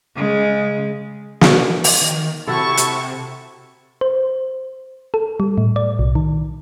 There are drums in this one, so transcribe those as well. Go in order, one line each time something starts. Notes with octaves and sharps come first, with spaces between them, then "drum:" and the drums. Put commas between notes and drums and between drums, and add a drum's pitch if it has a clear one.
C#3 G#3
drum: snare
drum: open hi-hat
D#3
C3 E4 F#4 A4 A5 C#6
drum: hi-hat
C5
A4
G3
A2
D5
B1
D#3